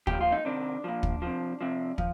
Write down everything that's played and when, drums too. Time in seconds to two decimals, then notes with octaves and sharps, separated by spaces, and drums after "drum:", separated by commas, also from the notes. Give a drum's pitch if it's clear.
0.07 A#2 F3 G4, drum: kick
0.21 F4
0.32 D#4
0.45 C3 D#3 D4
0.84 A#2 F3
1.03 drum: kick
1.22 C3 F3
1.61 C3 F3
1.98 F3, drum: kick